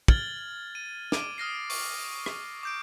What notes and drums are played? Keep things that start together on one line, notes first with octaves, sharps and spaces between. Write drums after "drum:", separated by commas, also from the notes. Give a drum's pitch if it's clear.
F6 G#6 A6 F#7 G7, drum: kick
D#7
D6 D7 D#7, drum: snare
D#6 F6 A#6 C7
C#6, drum: open hi-hat
drum: rim click
D6 G6 D7